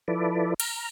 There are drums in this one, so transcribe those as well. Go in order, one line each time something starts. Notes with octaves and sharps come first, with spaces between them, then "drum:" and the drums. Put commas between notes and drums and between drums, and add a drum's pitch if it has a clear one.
F3 E4 A4 B4 D5
A#5 F6, drum: cymbal